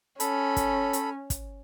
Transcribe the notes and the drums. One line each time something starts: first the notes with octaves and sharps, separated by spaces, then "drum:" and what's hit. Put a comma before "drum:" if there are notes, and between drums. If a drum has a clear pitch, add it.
C#4 A4 B5, drum: hi-hat
drum: kick, hi-hat
drum: hi-hat
drum: kick, hi-hat